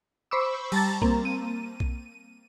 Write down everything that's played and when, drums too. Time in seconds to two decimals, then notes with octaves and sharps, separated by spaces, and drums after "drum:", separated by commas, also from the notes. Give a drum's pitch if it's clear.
0.31 C5 B5 C#6 D6 E6
0.72 G3 A5 A#5 A6, drum: cymbal
1.02 A#3 C4, drum: kick B1
1.25 D#7
1.80 drum: kick B1